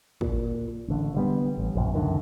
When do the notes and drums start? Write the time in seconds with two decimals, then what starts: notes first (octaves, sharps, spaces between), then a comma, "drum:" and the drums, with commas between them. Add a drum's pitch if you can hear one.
0.21 A#2, drum: kick
0.88 A1 D3
1.14 D3 G3 B3
1.58 A1
1.75 A#1 F#2 A#2
1.95 C#2 F#2 D3 D#3